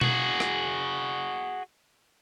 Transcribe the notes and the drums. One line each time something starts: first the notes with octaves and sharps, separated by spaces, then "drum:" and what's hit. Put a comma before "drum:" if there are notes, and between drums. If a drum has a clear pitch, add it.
F#4 G#4, drum: tom B2
drum: rim click